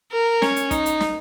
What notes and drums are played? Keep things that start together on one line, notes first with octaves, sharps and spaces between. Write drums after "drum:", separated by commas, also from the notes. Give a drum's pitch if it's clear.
A#4
C#4, drum: snare
drum: hi-hat
D#4, drum: kick, hi-hat
drum: hi-hat
drum: snare